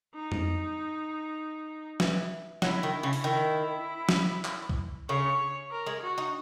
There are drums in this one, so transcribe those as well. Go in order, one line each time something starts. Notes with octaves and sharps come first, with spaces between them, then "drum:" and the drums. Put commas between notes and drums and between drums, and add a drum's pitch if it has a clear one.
D#4
drum: tom F2
E3, drum: snare
F#3 E4, drum: snare
D#3
C#3
drum: open hi-hat
D#3 E4
drum: snare
drum: clap
drum: kick B1
C#3 C#5
A#4
G#3
F#4
D#4